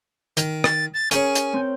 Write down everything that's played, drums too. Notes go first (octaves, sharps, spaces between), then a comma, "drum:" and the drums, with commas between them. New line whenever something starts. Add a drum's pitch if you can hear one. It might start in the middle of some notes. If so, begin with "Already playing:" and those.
D#3, drum: hi-hat
A6, drum: rim click
A6
C#4 G#4 A#4 C#5 G#5, drum: hi-hat
drum: hi-hat
C4 G6